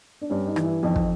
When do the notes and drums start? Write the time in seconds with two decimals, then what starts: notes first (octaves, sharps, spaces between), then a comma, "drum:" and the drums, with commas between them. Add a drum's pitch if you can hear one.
0.22 D4
0.30 G2 C#4
0.47 D#4
0.56 E3, drum: rim click
0.65 E4
0.83 F2 D#4
0.96 drum: kick